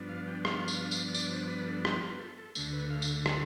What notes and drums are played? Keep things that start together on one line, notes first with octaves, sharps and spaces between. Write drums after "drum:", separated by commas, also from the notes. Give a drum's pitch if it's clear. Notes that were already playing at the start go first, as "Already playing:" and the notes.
Already playing: G2 F3 B3 D4
F5
G5
F5, drum: rim click
drum: tambourine
drum: tambourine
D5, drum: tambourine
C5
B4
A4
G4, drum: rim click
F4
B4
A4
A4
D2 D3 A3, drum: tambourine
B4
F5
drum: tambourine
A4, drum: rim click